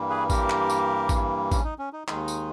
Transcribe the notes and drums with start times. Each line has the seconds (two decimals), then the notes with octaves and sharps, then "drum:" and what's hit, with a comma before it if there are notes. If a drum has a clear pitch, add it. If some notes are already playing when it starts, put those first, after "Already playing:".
Already playing: G2 E3 G3 A#3
0.10 G#4 B4
0.30 G4 A#4, drum: kick A1, tambourine
0.50 drum: clap
0.70 drum: tambourine
1.09 drum: kick A1, tambourine
1.52 C#4, drum: kick A1, tambourine
1.64 D#4
1.79 C#4
1.93 D#4
2.08 D#2 D#3 G#3 D#4, drum: clap
2.28 drum: tambourine